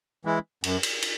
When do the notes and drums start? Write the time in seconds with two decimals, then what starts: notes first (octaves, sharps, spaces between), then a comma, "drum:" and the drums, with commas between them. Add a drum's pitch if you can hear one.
0.25 E3 G#3 E4
0.64 F#2, drum: cymbal
0.83 drum: cymbal
1.02 drum: cymbal